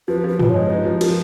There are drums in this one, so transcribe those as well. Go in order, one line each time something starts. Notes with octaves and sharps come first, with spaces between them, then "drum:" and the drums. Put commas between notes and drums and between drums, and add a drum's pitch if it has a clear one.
F3 B4
F3 B4
F3 B4, drum: tom
G#3 C#5
D#4 B4
F3
F3 A#4, drum: cymbal